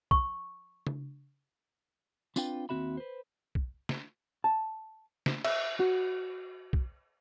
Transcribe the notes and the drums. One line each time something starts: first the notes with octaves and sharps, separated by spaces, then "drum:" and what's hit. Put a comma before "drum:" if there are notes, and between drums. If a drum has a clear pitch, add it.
C#6, drum: kick
drum: tom C#3
C4 D4 F4 B4 G5, drum: tambourine
D#2 A#3 C4 F#4 E5 B5
B4 C5
drum: kick
drum: snare
A5
drum: snare
E5, drum: cymbal
F#4
drum: kick